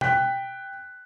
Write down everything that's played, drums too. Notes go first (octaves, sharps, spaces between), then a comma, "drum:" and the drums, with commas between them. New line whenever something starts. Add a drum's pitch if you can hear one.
G5 F#6 B6, drum: tom B2